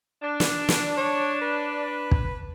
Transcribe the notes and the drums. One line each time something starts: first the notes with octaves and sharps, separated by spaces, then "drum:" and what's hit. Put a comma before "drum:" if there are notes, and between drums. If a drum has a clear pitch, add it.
D4
drum: snare
drum: snare
C#5
B4
drum: kick